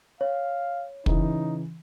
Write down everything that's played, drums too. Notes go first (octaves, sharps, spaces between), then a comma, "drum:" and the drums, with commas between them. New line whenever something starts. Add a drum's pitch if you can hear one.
C#5 F5
C#3 E3 D#4, drum: kick